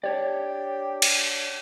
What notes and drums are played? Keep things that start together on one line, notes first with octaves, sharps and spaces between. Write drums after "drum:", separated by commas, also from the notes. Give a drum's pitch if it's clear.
D4 G4 C#5 D5
drum: cymbal